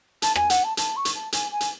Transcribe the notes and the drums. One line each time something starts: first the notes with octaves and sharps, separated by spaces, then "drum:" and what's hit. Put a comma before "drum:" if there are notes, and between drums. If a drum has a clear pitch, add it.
A5, drum: hi-hat
G#5, drum: rim click
F#5, drum: hi-hat
A5
A5, drum: hi-hat
C#6
drum: hi-hat
A5
G#5, drum: hi-hat
G#5
drum: hi-hat